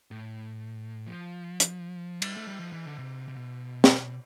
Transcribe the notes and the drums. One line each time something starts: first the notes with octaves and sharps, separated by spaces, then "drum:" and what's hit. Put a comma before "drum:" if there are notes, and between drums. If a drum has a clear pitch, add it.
A2
F3
drum: hi-hat
G3, drum: cymbal
A3
G3
F3
E3
D3
C3
C3
B2
drum: snare